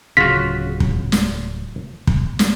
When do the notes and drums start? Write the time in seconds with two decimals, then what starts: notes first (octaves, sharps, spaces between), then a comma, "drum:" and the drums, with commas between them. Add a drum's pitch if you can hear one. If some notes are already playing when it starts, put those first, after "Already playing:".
0.17 D1 C#3 F4 F#4 B6
0.80 drum: kick
1.12 drum: snare
2.07 drum: kick
2.39 drum: snare